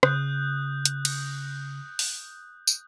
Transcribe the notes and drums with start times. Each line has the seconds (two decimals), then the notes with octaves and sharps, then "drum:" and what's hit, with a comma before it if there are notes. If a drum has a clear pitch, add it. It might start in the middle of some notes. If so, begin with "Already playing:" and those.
0.03 C#3 D#6 F#6 G6, drum: rim click
0.86 drum: hi-hat
1.05 drum: cymbal
1.99 drum: open hi-hat
2.67 drum: tambourine